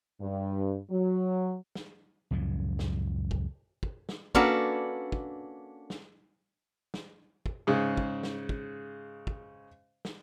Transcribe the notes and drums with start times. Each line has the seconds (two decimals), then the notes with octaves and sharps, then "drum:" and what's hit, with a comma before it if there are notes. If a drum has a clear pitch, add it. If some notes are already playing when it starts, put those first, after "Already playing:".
0.21 G2
0.91 F#3
1.75 drum: snare
2.31 C#2 F#2 A2 F3
2.79 drum: snare
3.31 drum: kick
3.83 drum: kick
4.09 drum: snare
4.35 A#3 C#4 D4 F#4 A4 B4, drum: kick
5.12 drum: kick
5.90 drum: snare
6.94 drum: snare
7.46 drum: kick
7.67 G#2 C#3
7.97 drum: kick
8.23 drum: snare
8.49 drum: kick
9.27 drum: kick
10.05 drum: snare